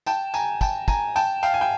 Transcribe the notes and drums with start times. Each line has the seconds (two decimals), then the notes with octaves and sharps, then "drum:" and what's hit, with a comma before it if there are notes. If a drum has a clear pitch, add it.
0.06 G5 A5, drum: tambourine
0.34 G#5 A#5, drum: tambourine
0.61 G5 A5, drum: kick, tambourine
0.88 G#5 A#5, drum: kick, tambourine
1.16 G5 A5, drum: tambourine
1.43 F5 G5, drum: tambourine
1.54 G#5
1.61 G5